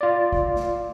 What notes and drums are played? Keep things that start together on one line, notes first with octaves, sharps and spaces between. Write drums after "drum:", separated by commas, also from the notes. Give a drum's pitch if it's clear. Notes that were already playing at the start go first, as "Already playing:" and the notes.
F4 D5
drum: kick
drum: snare